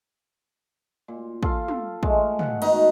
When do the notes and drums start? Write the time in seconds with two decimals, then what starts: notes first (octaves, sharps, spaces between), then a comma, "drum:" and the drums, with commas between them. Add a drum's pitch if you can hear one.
1.08 A#2
1.43 F4 A4 F5, drum: kick
1.68 drum: tom
2.03 G#3 A3, drum: kick
2.39 F#5, drum: tom
2.62 B2 D#3 D#4 B4, drum: cymbal